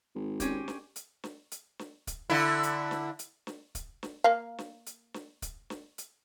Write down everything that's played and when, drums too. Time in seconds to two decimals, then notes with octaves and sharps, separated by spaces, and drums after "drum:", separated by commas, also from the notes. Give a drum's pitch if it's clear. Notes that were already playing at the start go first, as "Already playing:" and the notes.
0.15 G#1
0.40 C4 C#4 G4, drum: kick, hi-hat
0.68 drum: snare
0.96 drum: hi-hat
1.24 drum: snare
1.51 drum: hi-hat
1.79 drum: snare
2.07 drum: kick, hi-hat
2.30 D3 E4
2.63 drum: hi-hat
2.91 drum: snare
3.19 drum: hi-hat
3.47 drum: snare
3.75 drum: kick, hi-hat
4.03 drum: snare
4.24 A#3 A#4 F5
4.58 drum: snare
4.86 drum: hi-hat
5.14 drum: snare
5.42 drum: kick, hi-hat
5.70 drum: snare
5.98 drum: hi-hat